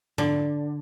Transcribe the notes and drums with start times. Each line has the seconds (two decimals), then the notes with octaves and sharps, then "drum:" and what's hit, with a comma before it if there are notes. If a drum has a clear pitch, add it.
0.18 D3, drum: tom G#2